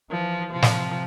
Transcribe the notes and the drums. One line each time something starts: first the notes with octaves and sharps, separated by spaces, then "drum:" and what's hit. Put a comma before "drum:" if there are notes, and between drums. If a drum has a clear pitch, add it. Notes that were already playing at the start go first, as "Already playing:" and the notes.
E3 F3
C3 F3
drum: snare